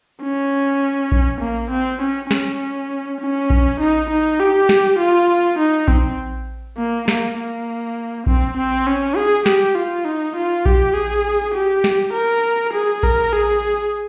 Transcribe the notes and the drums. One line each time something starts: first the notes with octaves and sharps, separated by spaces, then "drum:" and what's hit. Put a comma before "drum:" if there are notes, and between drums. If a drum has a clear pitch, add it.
C#4
drum: kick A#1
A#3
C4
C#4
C#4, drum: snare
C#4
drum: kick A#1
D#4
D#4
G4
drum: snare
F4
D#4
C4, drum: kick A#1
A#3
A#3, drum: snare
A#3
C4, drum: kick A#1
C4
C#4
G#4
G4, drum: snare
F4
D#4
F4
G4, drum: kick A#1
G#4
G4
drum: snare
A#4
G#4
A#4, drum: kick A#1
G#4